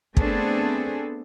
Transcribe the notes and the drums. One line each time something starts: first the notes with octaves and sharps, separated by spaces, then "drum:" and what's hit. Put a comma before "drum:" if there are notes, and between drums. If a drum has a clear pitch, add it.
A3 B3 C4 D4 G#4 A4, drum: kick